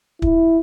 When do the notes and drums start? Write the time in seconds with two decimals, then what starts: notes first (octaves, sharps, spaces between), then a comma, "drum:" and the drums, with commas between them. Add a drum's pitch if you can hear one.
0.22 E4, drum: kick